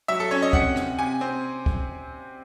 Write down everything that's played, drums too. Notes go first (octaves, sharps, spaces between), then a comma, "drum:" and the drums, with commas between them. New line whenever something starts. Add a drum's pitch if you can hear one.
F#3 E5
A4
C#4 C#5
D#5
C3 F#5, drum: kick C#2
C3, drum: rim click
C3 G#5
C4
drum: kick C#2